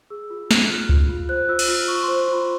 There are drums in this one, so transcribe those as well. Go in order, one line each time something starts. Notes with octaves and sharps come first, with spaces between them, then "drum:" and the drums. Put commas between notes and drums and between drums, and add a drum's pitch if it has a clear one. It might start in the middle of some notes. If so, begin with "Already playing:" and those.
G#4 E6
F4
F4, drum: snare
F#6
F4 F6
F4, drum: kick C#2
F4
C5 F#6
F4 E6
drum: cymbal
F4 F6
F4 C#6
C6
C5
C6
F4 B5